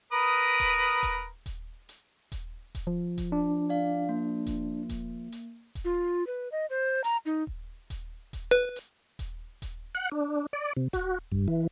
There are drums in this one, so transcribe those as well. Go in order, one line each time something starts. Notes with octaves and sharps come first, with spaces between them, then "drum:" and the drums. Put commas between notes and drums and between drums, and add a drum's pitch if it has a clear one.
A#4 B4 D#6
drum: kick D#1, hi-hat
drum: kick D#1, hi-hat
drum: kick D#1, hi-hat
drum: hi-hat
drum: kick D#1, hi-hat
drum: kick D#1, hi-hat
F3
drum: kick D#1, hi-hat
D4
D5 F5
A#3
drum: kick D#1, hi-hat
drum: kick D#1, hi-hat
drum: hi-hat
drum: kick D#1, hi-hat
F4
B4
D#5
C5
A#5, drum: hi-hat
D#4
drum: kick D#1
drum: kick D#1, hi-hat
drum: kick D#1, hi-hat
B4
drum: hi-hat
drum: kick D#1, hi-hat
drum: kick D#1, hi-hat
F#5
D4
D5
C3
F#4, drum: kick D#1, hi-hat
G2, drum: kick D#1
E3